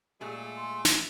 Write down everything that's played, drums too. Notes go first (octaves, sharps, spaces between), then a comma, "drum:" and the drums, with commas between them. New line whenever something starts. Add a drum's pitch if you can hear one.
A#2 G#3 A3 G4 G#4
C6
drum: snare